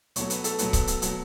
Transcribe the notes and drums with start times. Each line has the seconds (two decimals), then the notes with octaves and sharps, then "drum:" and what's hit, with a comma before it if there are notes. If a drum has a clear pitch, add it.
0.16 B2 F#3 A3 C#5, drum: hi-hat
0.30 B4, drum: hi-hat
0.44 A4, drum: hi-hat
0.59 B2 F#3 A3 B4, drum: hi-hat
0.73 drum: kick C#1, hi-hat
0.87 drum: hi-hat
1.02 B2 F#3 A3, drum: hi-hat